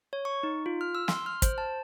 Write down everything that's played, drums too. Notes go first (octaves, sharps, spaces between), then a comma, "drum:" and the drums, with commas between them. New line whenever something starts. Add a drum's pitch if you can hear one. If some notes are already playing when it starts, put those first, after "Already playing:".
C#5
C#6
D#4
F4
F6
E6
C6, drum: snare
F6
C5, drum: kick, hi-hat
A5